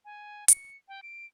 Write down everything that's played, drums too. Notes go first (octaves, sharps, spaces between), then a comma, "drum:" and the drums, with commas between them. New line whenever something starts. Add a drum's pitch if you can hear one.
G#5
C#7, drum: hi-hat
G5
D7